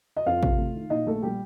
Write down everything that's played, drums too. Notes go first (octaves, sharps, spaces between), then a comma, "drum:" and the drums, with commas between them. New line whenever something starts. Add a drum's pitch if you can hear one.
D#5
F2 F4 F5
C3, drum: kick
A3
D#3
A#2 D#4 D#5
A#1 A3 A4
A#2 G3 G4